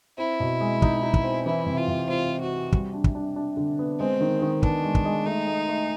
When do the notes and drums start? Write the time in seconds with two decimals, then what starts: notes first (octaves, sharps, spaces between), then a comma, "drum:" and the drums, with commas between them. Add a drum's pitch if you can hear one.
0.18 C4 E4
0.40 B2
0.61 G#3
0.82 D#4, drum: kick
1.03 D#4
1.14 drum: kick
1.24 C4
1.46 E3 E4
1.66 C3
1.77 F4
1.88 C3
2.08 C4 F4
2.30 C4
2.41 F#4
2.52 C4
2.72 G3, drum: kick
2.93 D4
3.04 drum: kick
3.15 D4
3.36 D4
3.57 D3
3.79 B3
3.99 G#3 C4
4.21 D#3
4.42 D#3
4.63 B3 D4, drum: kick
4.84 G#3
4.95 drum: kick
5.05 G#3
5.26 A3 D#4
5.47 A3
5.69 A3